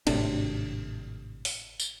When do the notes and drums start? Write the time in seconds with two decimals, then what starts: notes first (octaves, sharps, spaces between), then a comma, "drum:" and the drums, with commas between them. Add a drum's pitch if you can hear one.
0.07 G#1 A2 C3 D4, drum: cymbal
1.45 drum: open hi-hat
1.80 drum: tambourine